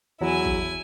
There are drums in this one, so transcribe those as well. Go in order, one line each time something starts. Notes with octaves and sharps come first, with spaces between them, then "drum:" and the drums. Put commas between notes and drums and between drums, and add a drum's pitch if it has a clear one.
E2 F#3 E4 G#5
drum: kick